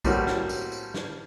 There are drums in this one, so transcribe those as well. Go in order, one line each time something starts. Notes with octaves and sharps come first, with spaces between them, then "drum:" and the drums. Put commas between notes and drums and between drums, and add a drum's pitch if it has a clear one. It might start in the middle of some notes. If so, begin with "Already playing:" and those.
A2 G3 A#3 C4 C#4 F#4, drum: kick B1, tambourine
drum: snare
drum: tambourine
drum: tambourine
drum: snare